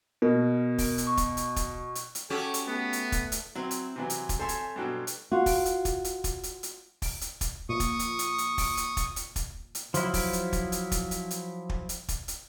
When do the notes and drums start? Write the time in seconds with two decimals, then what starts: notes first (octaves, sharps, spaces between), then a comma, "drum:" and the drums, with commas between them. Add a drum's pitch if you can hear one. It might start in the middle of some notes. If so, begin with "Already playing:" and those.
0.22 B2 A#4
0.78 drum: kick, open hi-hat
0.98 drum: hi-hat
1.07 C#6
1.17 drum: kick, hi-hat
1.37 drum: hi-hat
1.56 drum: kick, hi-hat
1.95 drum: hi-hat
2.15 drum: hi-hat
2.30 C#4 F#4 G4 A4
2.54 drum: hi-hat
2.67 A3 B3
2.93 drum: hi-hat
3.12 drum: kick, hi-hat
3.32 drum: hi-hat
3.55 F#3 C4 E4
3.71 drum: hi-hat
3.96 C3 E3 F#3
4.10 drum: hi-hat
4.29 drum: kick, hi-hat
4.39 A4 C5 C#5 E5 G#5 C6
4.49 drum: hi-hat
4.76 G2 B2 F#3
5.07 drum: hi-hat
5.32 F4 F#4
5.46 drum: kick, open hi-hat
5.66 drum: hi-hat
5.85 drum: kick, hi-hat
6.04 drum: hi-hat
6.24 drum: kick, hi-hat
6.43 drum: hi-hat
6.63 drum: hi-hat
7.02 drum: kick, open hi-hat
7.21 drum: hi-hat
7.41 drum: kick, hi-hat
7.69 A#2 C#6 D#6
7.80 drum: kick, hi-hat
7.99 drum: hi-hat
8.19 drum: hi-hat
8.38 drum: hi-hat
8.58 drum: kick, open hi-hat
8.77 drum: hi-hat
8.97 drum: kick, hi-hat
9.16 drum: hi-hat
9.36 drum: kick, hi-hat
9.75 drum: hi-hat
9.94 F3 F#3 E4, drum: hi-hat
10.14 drum: kick, open hi-hat
10.33 drum: hi-hat
10.53 drum: kick, hi-hat
10.72 drum: hi-hat
10.92 drum: kick, hi-hat
11.11 drum: hi-hat
11.31 drum: hi-hat
11.69 drum: kick
11.89 drum: hi-hat
12.08 drum: kick, hi-hat
12.28 drum: hi-hat